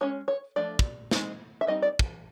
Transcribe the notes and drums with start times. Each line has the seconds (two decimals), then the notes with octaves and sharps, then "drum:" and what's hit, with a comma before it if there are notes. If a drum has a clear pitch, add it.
0.01 G#3 C#4 C#5
0.28 C#5
0.56 F3 A3 D4 D5
0.79 drum: kick
1.11 G#3 C4 D#4, drum: snare
1.61 E5
1.67 G3 C4 D#4 D#5
1.82 D5
1.99 drum: kick